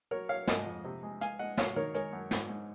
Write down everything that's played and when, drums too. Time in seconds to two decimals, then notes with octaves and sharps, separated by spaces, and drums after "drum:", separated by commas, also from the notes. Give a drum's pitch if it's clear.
0.11 F#3 A#4 C#5
0.29 F#3 C#5 F5
0.47 G#3 D#5 F#5, drum: snare
0.66 F2
0.84 C3
1.03 G#3
1.21 G#3 F5 G#5, drum: hi-hat
1.39 G#3 D#5 F#5
1.57 F#3 C#5 F5, drum: snare
1.76 D#3 A#4 C#5
1.95 G#3 A#4 C#5, drum: hi-hat
2.13 F#2
2.31 G#2, drum: snare
2.49 G#2